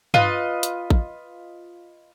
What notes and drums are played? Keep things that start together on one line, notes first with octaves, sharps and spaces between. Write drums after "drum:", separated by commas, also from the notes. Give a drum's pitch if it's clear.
F4 B4 D#5, drum: tom G2
drum: hi-hat
drum: kick